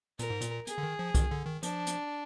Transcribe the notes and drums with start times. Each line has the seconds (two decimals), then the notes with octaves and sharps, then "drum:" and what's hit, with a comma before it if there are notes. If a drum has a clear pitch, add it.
0.19 A#2 A#4, drum: hi-hat
0.30 G#2
0.41 A#2, drum: hi-hat
0.67 G#4, drum: hi-hat
0.78 D3
0.83 D#3
0.99 F3
1.15 D#3, drum: kick C2, hi-hat
1.31 D3
1.46 D#3
1.63 F3 D4, drum: hi-hat
1.86 drum: hi-hat